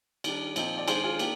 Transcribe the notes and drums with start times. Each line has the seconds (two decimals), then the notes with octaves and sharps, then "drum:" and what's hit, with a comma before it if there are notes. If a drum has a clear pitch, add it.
0.24 D#3 G3 D4, drum: cymbal
0.56 A#2 F3 C4 D#4, drum: cymbal
0.78 D5
0.88 D#3 G#3 D4 G#4 C5, drum: cymbal
1.04 F4 G#4
1.19 A#3 D4 G4, drum: cymbal